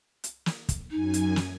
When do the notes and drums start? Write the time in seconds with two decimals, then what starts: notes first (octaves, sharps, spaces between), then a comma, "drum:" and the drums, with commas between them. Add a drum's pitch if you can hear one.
0.24 drum: hi-hat
0.46 drum: snare
0.69 drum: kick, hi-hat
0.91 F#2 D#4 G#5
1.14 drum: hi-hat
1.36 drum: snare